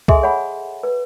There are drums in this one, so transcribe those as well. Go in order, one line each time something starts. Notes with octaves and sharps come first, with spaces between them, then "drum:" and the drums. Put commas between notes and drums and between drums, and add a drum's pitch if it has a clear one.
G#4 A4 D#5 E5 G#5 C6, drum: kick
C#5 F#5 G#5 B5
B4